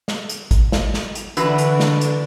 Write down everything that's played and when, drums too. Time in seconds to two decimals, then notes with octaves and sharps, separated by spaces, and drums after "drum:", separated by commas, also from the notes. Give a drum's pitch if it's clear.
0.08 drum: snare
0.29 drum: hi-hat
0.51 drum: kick G#1, hi-hat
0.72 drum: snare
0.94 drum: snare
1.15 drum: hi-hat
1.37 D3 E3 D4 F#4 B4, drum: hi-hat
1.58 drum: hi-hat
1.80 drum: snare
2.01 drum: hi-hat